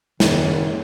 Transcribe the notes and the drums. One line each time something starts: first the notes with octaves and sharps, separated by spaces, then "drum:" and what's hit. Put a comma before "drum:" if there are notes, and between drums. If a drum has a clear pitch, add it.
F#1 D#3 D#4 A#4 C#5, drum: snare